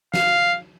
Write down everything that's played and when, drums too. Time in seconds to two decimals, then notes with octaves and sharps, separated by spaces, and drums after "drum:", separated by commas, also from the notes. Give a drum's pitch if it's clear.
0.14 F5, drum: snare